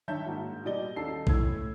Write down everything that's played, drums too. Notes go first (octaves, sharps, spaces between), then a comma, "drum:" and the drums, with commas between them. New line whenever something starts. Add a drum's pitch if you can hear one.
G2 D#3 C#5 E5 A5 G6
G#2 A#3 F#4
B2 G3 D5 D#5 G7
D#2 C#4 D#4 A4 A5 C7
A2 A3 E4 E6 G#6, drum: kick A#1